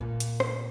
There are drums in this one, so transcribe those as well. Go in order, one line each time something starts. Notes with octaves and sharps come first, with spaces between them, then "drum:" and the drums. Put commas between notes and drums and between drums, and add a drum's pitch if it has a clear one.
A#2
drum: hi-hat
drum: rim click